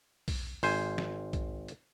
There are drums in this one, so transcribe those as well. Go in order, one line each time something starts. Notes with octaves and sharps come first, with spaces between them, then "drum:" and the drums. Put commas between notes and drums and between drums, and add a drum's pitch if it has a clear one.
drum: kick B1, open hi-hat
G#1 C5 G#5, drum: open hi-hat
drum: snare
drum: kick B1, hi-hat
drum: hi-hat